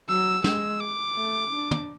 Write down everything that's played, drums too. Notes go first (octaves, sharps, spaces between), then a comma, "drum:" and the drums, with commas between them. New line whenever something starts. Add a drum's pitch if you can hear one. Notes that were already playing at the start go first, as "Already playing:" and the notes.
F#3 E6
G#3 E6, drum: snare
D6
A3
D4
drum: tom